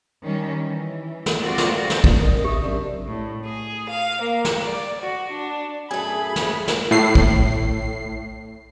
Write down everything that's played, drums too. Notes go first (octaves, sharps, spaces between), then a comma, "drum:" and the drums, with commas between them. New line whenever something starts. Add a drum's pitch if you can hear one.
D#3 G3 C#4
E3
drum: snare
C4 F4 F#4 D5
drum: snare
drum: snare
C#4 D4, drum: kick
C3 D#3 D#5
G4 E5
F#2 C#3 C4 D4
A2
G#4
F5
A#3
drum: snare
D5
F#4
D4
F#2 A3 G#4 G#5 B5
drum: snare
drum: snare
A2 C7
drum: kick